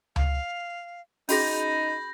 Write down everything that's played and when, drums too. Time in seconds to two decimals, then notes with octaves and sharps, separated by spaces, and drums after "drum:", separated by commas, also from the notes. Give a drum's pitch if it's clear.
0.16 F5, drum: tom C#2
1.29 C#4 D#4 F#4 G#4 B5 G6 A#6, drum: open hi-hat